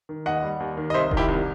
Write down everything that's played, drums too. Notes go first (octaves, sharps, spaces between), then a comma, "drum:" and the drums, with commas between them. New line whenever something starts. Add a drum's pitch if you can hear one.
D#3
D#2 D#5 F#5
G3
D#2
D#3
D#5
C2 C5 E5
D#3, drum: kick E1
E4 G4
C2